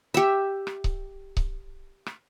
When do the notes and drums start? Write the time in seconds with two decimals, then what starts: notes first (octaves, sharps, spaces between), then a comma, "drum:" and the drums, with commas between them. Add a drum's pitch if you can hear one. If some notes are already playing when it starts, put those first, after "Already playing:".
0.14 G4 E5
0.67 drum: rim click
0.84 drum: kick C#1
1.37 drum: kick C#1
2.06 drum: rim click